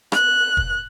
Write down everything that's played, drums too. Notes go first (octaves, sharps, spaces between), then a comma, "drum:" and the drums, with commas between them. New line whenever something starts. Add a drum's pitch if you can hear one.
F#6, drum: rim click
drum: kick